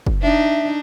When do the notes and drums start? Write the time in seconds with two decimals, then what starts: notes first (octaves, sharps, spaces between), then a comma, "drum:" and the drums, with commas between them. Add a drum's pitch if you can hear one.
0.07 drum: kick
0.22 D4 D#4 E5